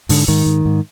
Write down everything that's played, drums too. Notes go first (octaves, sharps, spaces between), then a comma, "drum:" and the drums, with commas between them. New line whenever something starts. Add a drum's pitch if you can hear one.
G#2 D3, drum: open hi-hat
G#2 D#3
G#2
G#2